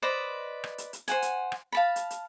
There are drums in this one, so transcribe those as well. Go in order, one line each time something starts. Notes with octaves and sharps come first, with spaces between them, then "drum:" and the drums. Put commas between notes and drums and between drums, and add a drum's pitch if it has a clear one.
B4 C5 D5 D#5
drum: rim click
drum: hi-hat
drum: hi-hat
C5 F#5 G#5, drum: hi-hat
drum: hi-hat
drum: rim click
F5 A5 B5
drum: hi-hat
drum: hi-hat